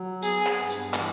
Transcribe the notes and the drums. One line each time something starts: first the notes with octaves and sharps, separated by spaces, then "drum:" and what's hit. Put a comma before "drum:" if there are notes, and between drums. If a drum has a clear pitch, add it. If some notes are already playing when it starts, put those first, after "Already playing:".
Already playing: F#3
B3 G#4, drum: tambourine
drum: clap
G2
drum: tambourine
E3, drum: clap